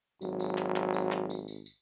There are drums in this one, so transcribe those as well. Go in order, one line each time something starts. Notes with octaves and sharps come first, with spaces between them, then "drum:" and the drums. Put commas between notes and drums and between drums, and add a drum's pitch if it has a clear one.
G#1 F#3, drum: tambourine
drum: tambourine
drum: clap
drum: clap
drum: tambourine
drum: clap
drum: tambourine
drum: tambourine
drum: tambourine